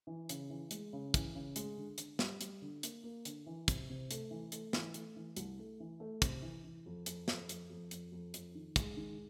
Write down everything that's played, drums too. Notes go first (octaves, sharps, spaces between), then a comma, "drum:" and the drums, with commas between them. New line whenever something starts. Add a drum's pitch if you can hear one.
E3
C#3, drum: hi-hat
E3
G#3, drum: hi-hat
C#3
E3, drum: kick, hi-hat
C#3
G#3, drum: hi-hat
D3
D3, drum: hi-hat
G3, drum: snare
G3, drum: hi-hat
D3
A#3, drum: hi-hat
A#3
D3, drum: hi-hat
E3
C3, drum: kick, hi-hat
C3
A3, drum: hi-hat
E3
A3, drum: hi-hat
E3, drum: snare
A3, drum: hi-hat
E3
C2, drum: hi-hat
A3
E3
A3
C3, drum: kick, hi-hat
E3
E3
F2
F2, drum: hi-hat
F2, drum: snare
F2, drum: hi-hat
F2
F2, drum: hi-hat
F2
F2, drum: hi-hat
D#3
G#3, drum: kick, hi-hat
D#3